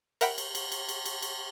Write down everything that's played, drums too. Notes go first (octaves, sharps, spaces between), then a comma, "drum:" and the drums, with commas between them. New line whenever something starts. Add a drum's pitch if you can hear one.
A#4 E5 F#5 G5 B5, drum: cymbal
drum: cymbal
drum: cymbal
drum: cymbal
drum: cymbal
drum: cymbal
drum: cymbal